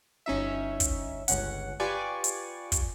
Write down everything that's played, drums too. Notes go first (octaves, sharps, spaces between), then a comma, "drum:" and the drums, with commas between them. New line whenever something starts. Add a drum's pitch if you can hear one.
G1 C#4 D#4 E5
drum: kick, hi-hat
G1 C#2 C#4 F#5, drum: hi-hat
F4 G4 B4 D5 G#5 C#6
drum: hi-hat
drum: kick, hi-hat